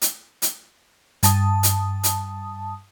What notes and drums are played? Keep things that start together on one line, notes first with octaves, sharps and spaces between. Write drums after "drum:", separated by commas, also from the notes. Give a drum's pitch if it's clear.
drum: hi-hat
drum: hi-hat
G2 A5 D#6, drum: hi-hat
drum: hi-hat
drum: hi-hat